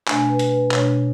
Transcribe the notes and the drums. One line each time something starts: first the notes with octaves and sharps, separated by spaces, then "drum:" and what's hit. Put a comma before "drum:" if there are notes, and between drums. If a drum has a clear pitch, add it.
B2 A3 D4 G#5, drum: clap
B4
drum: hi-hat
B4
B2 A3 D4 C#5, drum: clap